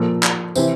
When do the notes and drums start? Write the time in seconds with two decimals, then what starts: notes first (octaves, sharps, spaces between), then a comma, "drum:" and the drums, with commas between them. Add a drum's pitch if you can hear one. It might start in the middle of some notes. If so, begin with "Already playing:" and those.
Already playing: A#2 F3 A4
0.23 drum: clap
0.55 C3 E3 C5, drum: tambourine